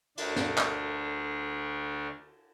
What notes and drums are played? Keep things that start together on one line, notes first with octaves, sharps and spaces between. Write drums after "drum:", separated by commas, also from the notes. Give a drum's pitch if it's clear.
D2 D4, drum: cymbal
drum: snare
drum: clap